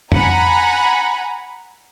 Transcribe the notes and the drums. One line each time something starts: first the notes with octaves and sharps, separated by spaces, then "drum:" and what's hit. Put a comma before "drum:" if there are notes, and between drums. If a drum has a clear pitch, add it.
F#5 G#5 A#5 B5, drum: tom F2